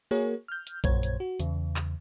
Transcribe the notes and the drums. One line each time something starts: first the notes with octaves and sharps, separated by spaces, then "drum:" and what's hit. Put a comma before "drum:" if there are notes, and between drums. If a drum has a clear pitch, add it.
A#3 F#4 G#4 A#4 C#5
F6 G6
drum: hi-hat
A#1 F#2 A#2 C5 C#5 G#6, drum: kick A#1
drum: hi-hat
F#4
E2 C#3, drum: hi-hat
drum: clap